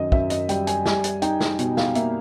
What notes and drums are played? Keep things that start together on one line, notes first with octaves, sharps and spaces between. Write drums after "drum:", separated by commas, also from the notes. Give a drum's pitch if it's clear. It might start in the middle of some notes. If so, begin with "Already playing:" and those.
Already playing: F#2 D#3 D#5
F#2 E5, drum: kick
D#5, drum: hi-hat
G3 G5, drum: hi-hat
G#5, drum: hi-hat
G3 G#5, drum: snare
drum: hi-hat
D#4 G5, drum: hi-hat
drum: snare
B2, drum: hi-hat
F5, drum: snare
A#3 E5, drum: hi-hat